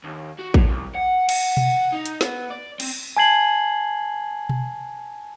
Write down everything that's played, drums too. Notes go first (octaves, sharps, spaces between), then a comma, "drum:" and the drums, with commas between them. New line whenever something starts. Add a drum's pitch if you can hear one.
D#2
F#4
A2, drum: kick A1
C2
F#5
F#5, drum: cymbal
drum: tom B2
D#4
drum: hi-hat
B3, drum: snare
D5
C4, drum: cymbal
G#5 A5 G#6 C7 F#7
drum: tom B2